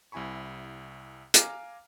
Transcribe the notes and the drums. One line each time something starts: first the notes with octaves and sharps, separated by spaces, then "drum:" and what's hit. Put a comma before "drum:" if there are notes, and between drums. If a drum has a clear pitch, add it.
C2 C3 E4 G#5 B5 C#6
F5 G#5 A#5 D6 F6, drum: hi-hat